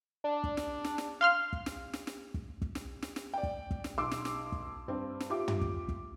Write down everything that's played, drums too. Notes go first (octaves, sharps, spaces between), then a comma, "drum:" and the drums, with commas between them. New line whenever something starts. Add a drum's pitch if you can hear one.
D4
drum: kick
drum: snare
drum: snare
drum: snare
F5 C6 F6
drum: kick
drum: snare
drum: snare
drum: snare
drum: kick
drum: kick
drum: snare
drum: snare
drum: snare
D5 G5
drum: kick
drum: kick
drum: snare
B1 C6 D6 E6
drum: snare
drum: snare
drum: kick
G2 C4
drum: snare
F4 G4 E5 D6
drum: tom
drum: kick
drum: kick